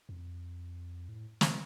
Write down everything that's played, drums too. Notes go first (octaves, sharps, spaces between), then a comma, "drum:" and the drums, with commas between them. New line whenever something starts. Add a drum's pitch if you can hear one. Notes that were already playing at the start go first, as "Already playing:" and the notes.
F2
A2
C3, drum: snare